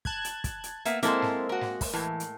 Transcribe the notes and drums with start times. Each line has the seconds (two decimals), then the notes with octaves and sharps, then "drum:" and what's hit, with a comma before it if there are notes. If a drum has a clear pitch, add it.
0.05 A5 F#6 G#6, drum: kick
0.25 drum: hi-hat
0.44 drum: kick, hi-hat
0.64 drum: hi-hat
0.85 A#3 B3 E5, drum: hi-hat
1.03 G#3 A#3 C4 E4 A4 C5, drum: hi-hat
1.22 drum: snare
1.49 F#4 A#4
1.61 drum: snare
1.81 drum: kick, open hi-hat
1.93 A2 E3
2.20 drum: hi-hat